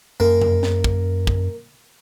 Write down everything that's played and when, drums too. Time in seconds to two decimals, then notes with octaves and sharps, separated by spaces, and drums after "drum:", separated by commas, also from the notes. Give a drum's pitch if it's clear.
0.20 F#2 A#3
0.41 drum: tom F2
0.63 drum: snare
0.84 drum: kick
1.27 drum: kick